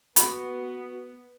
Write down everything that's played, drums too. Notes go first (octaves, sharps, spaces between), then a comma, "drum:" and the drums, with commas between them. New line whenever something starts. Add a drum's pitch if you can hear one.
B3 F#4 B5, drum: hi-hat